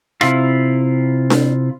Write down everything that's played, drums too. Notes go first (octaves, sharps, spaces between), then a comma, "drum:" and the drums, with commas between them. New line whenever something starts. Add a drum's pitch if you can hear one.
C3 E4 F4, drum: rim click
drum: snare D4